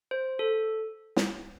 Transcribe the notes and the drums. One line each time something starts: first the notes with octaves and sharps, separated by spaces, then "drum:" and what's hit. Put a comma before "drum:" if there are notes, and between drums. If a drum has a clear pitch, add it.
C5
A4
drum: snare